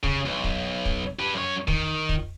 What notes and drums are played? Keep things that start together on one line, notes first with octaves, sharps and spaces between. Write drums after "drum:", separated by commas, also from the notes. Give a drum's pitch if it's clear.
C#3, drum: kick
B1
drum: kick
drum: kick
G4 B4
F#2 C#5
D#3, drum: kick
drum: kick